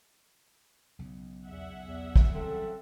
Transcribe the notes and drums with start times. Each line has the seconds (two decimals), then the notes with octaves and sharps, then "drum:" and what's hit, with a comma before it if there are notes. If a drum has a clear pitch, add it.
0.99 B1 C#3
1.47 E2 G#4 E5 F#5
1.85 E2
2.16 drum: kick
2.34 A2 C#3 E3 F#3 G3 C4 A4